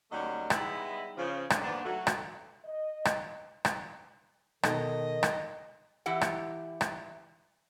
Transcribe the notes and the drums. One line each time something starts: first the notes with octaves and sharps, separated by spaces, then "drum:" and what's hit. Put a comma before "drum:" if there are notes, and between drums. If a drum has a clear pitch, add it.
D#2 F#3 G3 A3 C#4 D#5
G3 G#3 B3 D#4 E4, drum: rim click
C#3 F3
D3, drum: rim click
D#2 G#2 B3 D4
F#3 A3 F#4
drum: rim click
D#5
drum: rim click
drum: rim click
B2 D#3 D#4 A4 D#5, drum: rim click
drum: rim click
E3 E4 G4 F#5
drum: rim click
drum: rim click